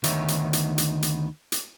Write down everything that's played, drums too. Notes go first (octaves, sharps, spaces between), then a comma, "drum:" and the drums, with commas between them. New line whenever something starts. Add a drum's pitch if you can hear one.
D2 D#3 B3 D#4 C#5 E5, drum: hi-hat
drum: hi-hat
drum: hi-hat
drum: hi-hat
drum: hi-hat
drum: hi-hat